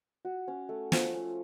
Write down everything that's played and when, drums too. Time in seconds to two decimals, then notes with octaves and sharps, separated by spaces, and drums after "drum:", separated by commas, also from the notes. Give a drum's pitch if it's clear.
0.25 F#4
0.48 C#4
0.69 A3
0.92 F3, drum: snare
1.14 C#4